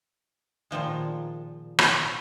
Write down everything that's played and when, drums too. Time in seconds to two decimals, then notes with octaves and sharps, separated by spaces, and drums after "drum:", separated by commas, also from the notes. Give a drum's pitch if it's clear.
0.71 A#2 D#3 F3 G#3
1.79 drum: rim click